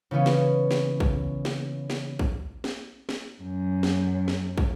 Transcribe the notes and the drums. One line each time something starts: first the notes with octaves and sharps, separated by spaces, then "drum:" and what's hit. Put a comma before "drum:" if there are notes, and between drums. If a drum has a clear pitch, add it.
C#3 E3 B3 C#4
drum: snare
drum: snare
drum: kick
drum: snare
drum: snare
drum: kick
drum: snare
drum: snare
F#2
drum: snare
drum: snare
drum: kick